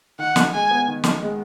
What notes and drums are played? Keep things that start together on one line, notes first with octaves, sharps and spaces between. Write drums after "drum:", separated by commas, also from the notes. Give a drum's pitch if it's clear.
D#3 F#5
D#3, drum: snare
G#3 G#5
B3
D#3
D#3, drum: snare
G#3